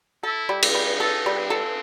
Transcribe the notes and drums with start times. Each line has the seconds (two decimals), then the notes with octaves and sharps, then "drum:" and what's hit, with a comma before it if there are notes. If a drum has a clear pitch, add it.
0.23 E4 A4
0.49 G3
0.62 D#4, drum: cymbal
0.75 G3
1.00 D#4 A4
1.26 G3
1.38 C4
1.50 A4